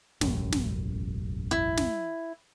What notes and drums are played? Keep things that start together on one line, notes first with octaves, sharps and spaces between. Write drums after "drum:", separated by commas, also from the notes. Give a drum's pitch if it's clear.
E1 A1 F#2, drum: snare
drum: snare
E4
drum: snare